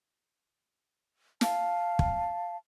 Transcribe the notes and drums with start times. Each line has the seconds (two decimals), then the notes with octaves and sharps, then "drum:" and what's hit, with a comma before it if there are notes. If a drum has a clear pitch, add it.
1.41 F5 A5, drum: snare
1.99 drum: kick